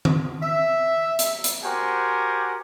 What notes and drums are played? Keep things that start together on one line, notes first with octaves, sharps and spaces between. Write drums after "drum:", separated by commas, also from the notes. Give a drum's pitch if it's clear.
drum: tom D#3
E5
drum: hi-hat
drum: hi-hat
F#4 G4 A#4 C5 F#5 G#5